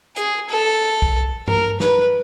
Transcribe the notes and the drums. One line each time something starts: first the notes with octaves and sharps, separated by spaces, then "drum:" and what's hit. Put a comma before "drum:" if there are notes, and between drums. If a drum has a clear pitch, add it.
G#4, drum: hi-hat
A4
drum: kick
A#4, drum: tom G2
B4, drum: snare